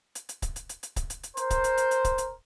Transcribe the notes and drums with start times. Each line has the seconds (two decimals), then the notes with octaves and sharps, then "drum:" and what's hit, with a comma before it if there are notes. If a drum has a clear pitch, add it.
0.15 drum: hi-hat
0.29 drum: hi-hat
0.42 drum: kick C#1, hi-hat
0.56 drum: hi-hat
0.69 drum: hi-hat
0.83 drum: hi-hat
0.96 drum: kick C#1, hi-hat
1.10 drum: hi-hat
1.23 drum: hi-hat
1.37 A#4 C5, drum: hi-hat
1.50 drum: kick C#1, hi-hat
1.64 drum: hi-hat
1.77 drum: hi-hat
1.91 drum: hi-hat
2.04 drum: kick C#1, hi-hat
2.18 drum: hi-hat